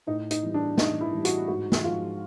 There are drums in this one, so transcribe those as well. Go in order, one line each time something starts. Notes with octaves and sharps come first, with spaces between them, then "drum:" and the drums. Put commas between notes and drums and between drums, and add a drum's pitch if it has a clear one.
A2 D#4
D#4, drum: hi-hat
E3 G3
D4
A2 D#4, drum: snare
E4
E3 G3
F#4, drum: hi-hat
G#2 F#4
drum: snare
F3 G#3 F4